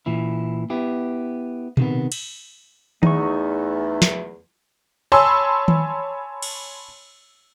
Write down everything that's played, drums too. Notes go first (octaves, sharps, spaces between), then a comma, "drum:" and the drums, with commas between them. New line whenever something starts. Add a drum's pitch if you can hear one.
A#2 E3 E4
B3 E4 G4
C3 D#3 B3, drum: tom A#2
drum: cymbal
E2 A3 D#4 C#6, drum: tom D#3
drum: snare
C#5 G#5 A5 B5 C6 E6
drum: tom D#3
drum: cymbal